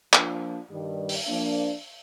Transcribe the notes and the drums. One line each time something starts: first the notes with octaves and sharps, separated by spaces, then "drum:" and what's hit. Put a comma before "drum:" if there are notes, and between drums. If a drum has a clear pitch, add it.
F3 A#3 D4 F4, drum: clap
G2 D#3 G3
drum: open hi-hat
F3 A#3 D4